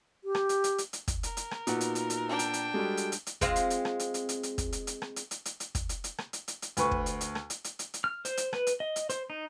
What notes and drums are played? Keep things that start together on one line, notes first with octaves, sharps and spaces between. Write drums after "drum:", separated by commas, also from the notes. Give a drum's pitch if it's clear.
G4
drum: rim click
drum: hi-hat
drum: hi-hat
drum: hi-hat
drum: hi-hat
drum: kick, hi-hat
A#4, drum: hi-hat
drum: hi-hat
drum: rim click
A#2 B3 D#4 F#4 F#5, drum: hi-hat
drum: hi-hat
drum: hi-hat
drum: hi-hat
D4 G5
drum: hi-hat
drum: hi-hat
G3 G#3 F#4 G4 A4
drum: hi-hat
drum: hi-hat
drum: hi-hat
G#3 C4 F4, drum: kick, hi-hat
drum: hi-hat
drum: hi-hat
drum: rim click
drum: hi-hat
drum: hi-hat
drum: hi-hat
drum: hi-hat
drum: kick, hi-hat
drum: hi-hat
drum: hi-hat
drum: rim click
drum: hi-hat
drum: hi-hat
drum: hi-hat
drum: hi-hat
drum: kick, hi-hat
drum: hi-hat
drum: hi-hat
drum: rim click
drum: hi-hat
drum: hi-hat
drum: hi-hat
D2 B4 C#6, drum: hi-hat
drum: kick
drum: hi-hat
drum: hi-hat
drum: rim click
drum: hi-hat
drum: hi-hat
drum: hi-hat
drum: hi-hat
F6
C5, drum: hi-hat
drum: hi-hat
B4, drum: rim click
drum: hi-hat
D#5
drum: hi-hat
C5, drum: hi-hat
D#4